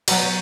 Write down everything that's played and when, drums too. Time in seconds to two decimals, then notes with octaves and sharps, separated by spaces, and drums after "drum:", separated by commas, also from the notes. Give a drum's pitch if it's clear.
0.08 B2 F#3 A#5, drum: cymbal